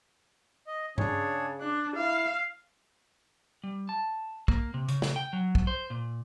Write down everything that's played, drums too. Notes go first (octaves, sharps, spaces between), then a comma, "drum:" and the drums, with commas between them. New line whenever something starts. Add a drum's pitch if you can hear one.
D#5
C#3 D4 G#4 C#5, drum: tom G2
D4 F#6
E4 F5 E6
G3
A5
A#3, drum: kick
C3
C#3, drum: hi-hat
drum: snare
G5
F#3
drum: kick
C5
A#2